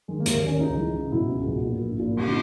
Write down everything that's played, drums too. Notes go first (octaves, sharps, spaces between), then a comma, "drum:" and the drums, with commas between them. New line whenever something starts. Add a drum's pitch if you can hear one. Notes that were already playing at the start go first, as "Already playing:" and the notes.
D#3 G#3
A#3
D#2, drum: hi-hat
D#3 C#4
C#2 D#4
E3
C#3
B2 E4
C#2
B2
A#2
A#1
A#2
G1, drum: cymbal